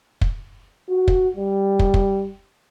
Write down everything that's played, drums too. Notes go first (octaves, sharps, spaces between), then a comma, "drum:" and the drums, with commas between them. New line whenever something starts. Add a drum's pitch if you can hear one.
drum: kick
F#4
drum: kick
G3
drum: kick
drum: kick